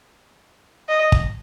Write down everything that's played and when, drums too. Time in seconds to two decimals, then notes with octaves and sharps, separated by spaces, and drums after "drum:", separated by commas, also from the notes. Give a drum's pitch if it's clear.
0.89 D#5
1.12 drum: kick